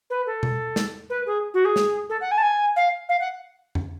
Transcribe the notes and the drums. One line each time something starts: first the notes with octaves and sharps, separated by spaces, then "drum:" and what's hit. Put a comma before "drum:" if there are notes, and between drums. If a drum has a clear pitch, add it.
B4
A4
drum: tom B2
drum: snare
B4
G#4
F#4
G#4
drum: snare
A4
F#5
G#5
A5
G#5
F5
F5
F#5
drum: tom F2